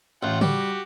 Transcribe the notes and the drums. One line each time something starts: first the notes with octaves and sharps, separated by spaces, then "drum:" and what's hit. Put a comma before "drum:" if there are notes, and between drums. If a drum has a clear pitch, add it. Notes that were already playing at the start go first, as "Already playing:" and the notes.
A1 F4 F#5 G5
G3 F#4 G4, drum: tom C#3